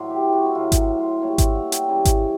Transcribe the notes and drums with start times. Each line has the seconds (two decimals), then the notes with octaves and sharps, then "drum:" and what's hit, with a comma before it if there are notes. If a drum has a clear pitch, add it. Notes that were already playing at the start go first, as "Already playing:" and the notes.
Already playing: A2 F#3 C5 D5
0.10 G4
0.33 F#4
0.46 E4
0.55 A2 F#3 F4
0.72 drum: kick G#1, hi-hat
0.99 C5
1.22 A#2 G3 C#5
1.38 E5, drum: kick G#1, hi-hat
1.55 F#5
1.72 G5, drum: hi-hat
1.88 C#3 E3 G3 G#5
2.05 drum: kick G#1, hi-hat